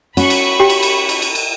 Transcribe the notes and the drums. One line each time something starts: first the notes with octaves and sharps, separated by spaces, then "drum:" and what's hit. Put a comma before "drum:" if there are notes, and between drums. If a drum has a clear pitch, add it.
C#4 F#4 B5 C#6, drum: cymbal
drum: cymbal
G4 G5
drum: cymbal
drum: cymbal
drum: cymbal
drum: cymbal
drum: cymbal